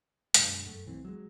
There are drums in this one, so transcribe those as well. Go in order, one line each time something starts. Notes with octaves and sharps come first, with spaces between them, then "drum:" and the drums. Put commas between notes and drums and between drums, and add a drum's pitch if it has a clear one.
F#2 B2 D3 G#3, drum: hi-hat
F#2 A3
B1 E3 C4
F#3 G#3